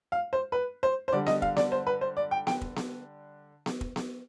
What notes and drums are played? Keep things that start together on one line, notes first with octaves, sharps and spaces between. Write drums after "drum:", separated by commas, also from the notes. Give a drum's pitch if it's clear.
F5
C5
B4
C5
C5
D3 G3 D5
D#5, drum: snare B3
F5, drum: kick
D5, drum: snare B3
C5
B4
C5
D5
G5
G5, drum: snare B3
drum: kick
drum: snare B3
drum: snare B3
drum: kick
drum: snare B3